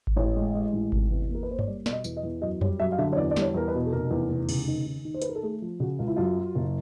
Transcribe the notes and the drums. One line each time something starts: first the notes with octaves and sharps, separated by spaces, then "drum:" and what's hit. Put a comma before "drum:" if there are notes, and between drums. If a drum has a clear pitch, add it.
drum: kick G#1
A1 C#5
G#3
G#3
A1
C3, drum: kick G#1
E2
A#3 A#4
B4
A#3 C5
C#5, drum: tom G2
G3 D5
B2 D5, drum: snare
D#5
E2, drum: tambourine
D#5
E2
F#2 D#5
G3 C#5, drum: tom F2
F#2 E5
F5
D3 E5
C#5
E2 D5
D5
G3, drum: snare
C#5
E2 A#4
B4
B2
A4
F1 A#4
E2
F1
C#3, drum: cymbal
D#3
D#3
D#3
C5
B4, drum: hi-hat
D#3
A#4
A4
A3 G#4
F3
C#3 F#4
C#2 F4
E4
F#2 F4
F#3
F#1